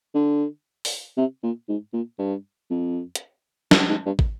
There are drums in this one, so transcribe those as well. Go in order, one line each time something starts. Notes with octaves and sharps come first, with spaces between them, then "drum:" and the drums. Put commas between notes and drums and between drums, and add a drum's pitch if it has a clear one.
D3
drum: open hi-hat
C3
A#2
G#2
A#2
G2
F2
drum: hi-hat
G2, drum: snare
G#2
G2
drum: kick